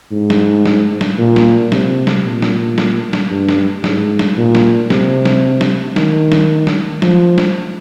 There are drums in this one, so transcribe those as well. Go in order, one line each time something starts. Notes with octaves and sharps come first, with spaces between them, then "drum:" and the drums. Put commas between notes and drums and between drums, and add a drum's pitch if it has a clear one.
G#2
drum: snare
drum: snare
drum: snare
A#2
drum: snare
C3, drum: snare
drum: snare
A#2
drum: snare
drum: snare
drum: snare
G2
drum: snare
G#2, drum: snare
drum: snare
A#2
drum: snare
C3, drum: snare
drum: snare
drum: snare
D#3, drum: snare
drum: snare
drum: snare
F3, drum: snare
drum: snare